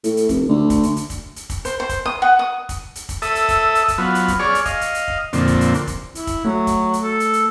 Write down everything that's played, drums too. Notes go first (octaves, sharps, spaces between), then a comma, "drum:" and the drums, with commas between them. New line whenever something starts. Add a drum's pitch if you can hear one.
A2, drum: hi-hat
drum: hi-hat
F1, drum: kick, hi-hat
D2
drum: kick, hi-hat
drum: hi-hat
drum: hi-hat
drum: kick, hi-hat
drum: hi-hat
drum: kick, hi-hat
C5, drum: hi-hat
C5
drum: kick, hi-hat
D#6
F#5
D#6
drum: kick, hi-hat
drum: hi-hat
drum: kick, hi-hat
A4 E5 D#6, drum: hi-hat
drum: hi-hat
drum: kick, hi-hat
drum: hi-hat
drum: kick, hi-hat
F#3 B3 F4
drum: hi-hat
drum: kick, hi-hat
G#4 C#5 D5 F6
drum: hi-hat
D#5 F5, drum: kick, hi-hat
drum: hi-hat
drum: hi-hat
drum: kick
F2 A#2 D3 C4, drum: hi-hat
drum: kick, hi-hat
drum: hi-hat
drum: hi-hat
drum: kick, hi-hat
E4, drum: hi-hat
drum: kick, hi-hat
F#3 A3
drum: kick, hi-hat
drum: hi-hat
A4
drum: hi-hat
drum: hi-hat